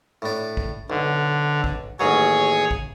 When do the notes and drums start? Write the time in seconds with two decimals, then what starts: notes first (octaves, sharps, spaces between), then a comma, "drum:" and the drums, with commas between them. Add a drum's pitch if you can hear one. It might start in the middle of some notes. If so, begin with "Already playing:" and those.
0.22 A2 D4
0.57 drum: kick
0.90 B1 D3
1.64 drum: kick
2.00 A1 D#2 F#3 G#4 C#5
2.71 drum: kick